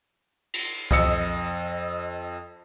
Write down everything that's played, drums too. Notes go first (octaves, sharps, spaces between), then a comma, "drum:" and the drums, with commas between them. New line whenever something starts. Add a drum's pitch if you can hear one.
drum: cymbal
F2 D#5 E6 C#7, drum: kick C2